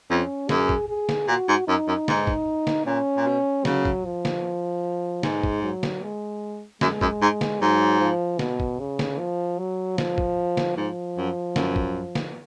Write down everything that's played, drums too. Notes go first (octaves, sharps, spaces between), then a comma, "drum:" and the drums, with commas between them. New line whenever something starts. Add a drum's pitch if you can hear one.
F2 C#4
F#2 G#4, drum: snare
drum: kick
G#4
drum: snare
A#2 F#4
G#2
F#2 D#4
F#2
G#2, drum: snare
drum: kick
drum: snare
A#2 C#4
A#2
B2
C#3 F#3, drum: snare
drum: kick
F3
drum: snare
G#2 G#3, drum: snare
drum: kick
F#3
drum: snare
G#3
F#2 G#3, drum: snare
F#2, drum: kick
G#2
drum: snare
G#2 F#3
F3
B2, drum: snare
drum: kick
C#3
drum: snare
F3
F#3
F3, drum: snare
drum: kick
drum: snare
G#2 F3
F#2
F#2, drum: snare
drum: kick
drum: snare